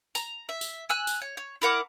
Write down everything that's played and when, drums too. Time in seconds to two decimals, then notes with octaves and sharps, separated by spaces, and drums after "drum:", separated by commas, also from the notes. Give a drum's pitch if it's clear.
0.15 A#5, drum: tambourine
0.49 E5
0.61 drum: tambourine
0.89 G#5 E6 F#6
1.07 drum: tambourine
1.22 C#5
1.37 C#5
1.62 E4 A#4 F#5 D6